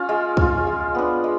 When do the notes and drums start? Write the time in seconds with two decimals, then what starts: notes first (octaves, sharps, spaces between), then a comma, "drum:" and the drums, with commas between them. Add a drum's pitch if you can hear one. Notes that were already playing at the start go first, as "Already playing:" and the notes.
Already playing: C#4 F4 F5
0.09 G#3
0.37 C#4 F4, drum: kick
0.67 G#3
0.95 B3 D4
1.24 G#3